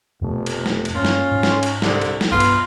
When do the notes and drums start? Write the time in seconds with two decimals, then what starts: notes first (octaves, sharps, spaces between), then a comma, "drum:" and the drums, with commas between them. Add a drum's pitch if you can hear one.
0.21 F1 F2 B2 A3
0.46 drum: cymbal
0.66 drum: snare
0.85 drum: cymbal
0.95 G2 A#3 C#4 F4
1.05 drum: snare
1.31 G#2
1.43 drum: snare
1.63 drum: cymbal
1.82 C2 D3, drum: snare
2.02 drum: cymbal
2.21 drum: snare
2.31 B1 G2 B3 F4
2.40 drum: cymbal